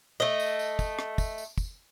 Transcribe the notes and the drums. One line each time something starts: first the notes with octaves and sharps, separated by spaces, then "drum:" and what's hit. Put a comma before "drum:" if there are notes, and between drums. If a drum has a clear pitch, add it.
A3 D#5
drum: tambourine
drum: tambourine
drum: kick, tambourine
drum: rim click
drum: kick, tambourine
drum: tambourine
drum: kick, tambourine